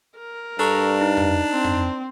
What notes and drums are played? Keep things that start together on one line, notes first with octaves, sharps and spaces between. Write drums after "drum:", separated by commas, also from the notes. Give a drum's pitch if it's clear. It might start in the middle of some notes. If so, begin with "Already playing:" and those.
A#4
G2 D4 A4 A#5 C#6
D#4
drum: tom F2
C4
drum: tom F2